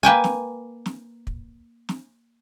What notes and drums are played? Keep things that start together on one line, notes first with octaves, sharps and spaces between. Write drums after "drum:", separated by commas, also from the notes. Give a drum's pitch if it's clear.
A#3 B4 G5 G#5
drum: snare
drum: snare
drum: kick
drum: snare